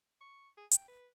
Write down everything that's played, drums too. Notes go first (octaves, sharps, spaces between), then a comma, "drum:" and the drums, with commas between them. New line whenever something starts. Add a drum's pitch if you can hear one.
C#6
G#4
G5, drum: hi-hat
B4